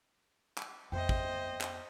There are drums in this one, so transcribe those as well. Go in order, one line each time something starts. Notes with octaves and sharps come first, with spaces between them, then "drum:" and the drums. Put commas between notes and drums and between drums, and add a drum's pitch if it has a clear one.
drum: clap
F2 B3 C5 D#5 E5 G5
drum: kick
drum: clap